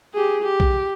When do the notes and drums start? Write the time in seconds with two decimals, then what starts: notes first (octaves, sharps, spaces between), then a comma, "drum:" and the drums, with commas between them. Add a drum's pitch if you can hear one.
0.14 G4 G#4
0.43 G4
0.60 drum: kick B1